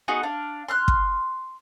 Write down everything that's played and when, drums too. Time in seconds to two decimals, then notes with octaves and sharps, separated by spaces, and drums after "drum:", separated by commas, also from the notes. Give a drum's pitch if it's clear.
0.08 B3 D#4 F#4 G#4
0.23 D4 F5
0.68 C6 F6 F#6
0.88 drum: kick